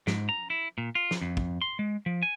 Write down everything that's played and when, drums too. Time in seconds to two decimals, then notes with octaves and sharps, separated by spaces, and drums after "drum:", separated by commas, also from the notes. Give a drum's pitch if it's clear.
0.07 G#2, drum: snare
0.29 A#5
0.50 E4
0.78 A#2
0.95 F4
1.11 drum: snare
1.21 F2
1.37 drum: kick
1.62 C6
1.79 G#3
2.06 F3
2.23 G#5